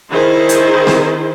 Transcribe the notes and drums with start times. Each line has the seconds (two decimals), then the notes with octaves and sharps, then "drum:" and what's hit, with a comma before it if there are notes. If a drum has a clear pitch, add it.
0.11 D#3 E4 G#4 C5
0.49 drum: hi-hat
0.87 drum: snare C4